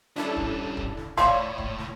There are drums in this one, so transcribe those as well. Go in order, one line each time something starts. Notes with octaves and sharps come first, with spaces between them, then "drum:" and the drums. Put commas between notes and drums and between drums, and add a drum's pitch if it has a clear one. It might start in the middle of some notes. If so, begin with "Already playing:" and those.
G3 C#4 D4 E4 A4
drum: kick
drum: kick
drum: snare
A2 C#5 D5 E5 F5 B5 C6, drum: kick
drum: kick
drum: snare